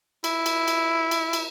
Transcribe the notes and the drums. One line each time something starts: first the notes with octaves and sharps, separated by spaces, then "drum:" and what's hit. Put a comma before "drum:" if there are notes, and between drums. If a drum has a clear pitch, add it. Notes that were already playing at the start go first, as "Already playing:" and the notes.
E4, drum: cymbal
drum: cymbal
drum: cymbal
drum: cymbal
drum: cymbal